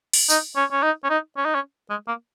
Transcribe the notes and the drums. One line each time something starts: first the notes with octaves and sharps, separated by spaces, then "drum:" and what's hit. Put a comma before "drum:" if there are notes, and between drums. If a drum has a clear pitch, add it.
drum: open hi-hat
D#4, drum: tambourine
C#4
C#4
D#4
C#4
D#4
C#4
D#4
C#4
G#3
A#3